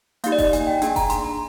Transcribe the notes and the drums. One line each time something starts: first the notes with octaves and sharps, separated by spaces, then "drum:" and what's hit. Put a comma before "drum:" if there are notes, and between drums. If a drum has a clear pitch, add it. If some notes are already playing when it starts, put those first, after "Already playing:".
A#3 D#4 G4 F5, drum: hi-hat
D5
D#5, drum: kick F1, open hi-hat
G#5, drum: hi-hat
G5
A#3 D4 G#4 G#5, drum: hi-hat
A#5, drum: kick F1, open hi-hat
C6, drum: hi-hat
A#5